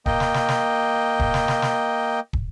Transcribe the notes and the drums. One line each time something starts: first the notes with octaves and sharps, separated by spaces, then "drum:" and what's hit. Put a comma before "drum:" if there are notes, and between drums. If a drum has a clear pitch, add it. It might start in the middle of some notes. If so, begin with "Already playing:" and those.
A#3 D#5 G5, drum: kick
drum: snare
drum: snare
drum: snare
drum: kick
drum: snare
drum: snare
drum: snare
drum: kick